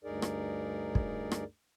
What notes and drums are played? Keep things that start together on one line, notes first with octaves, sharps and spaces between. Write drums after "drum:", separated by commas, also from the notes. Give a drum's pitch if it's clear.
D2 G2 D#4 G#4 A#4 D5
drum: rim click
drum: kick
drum: rim click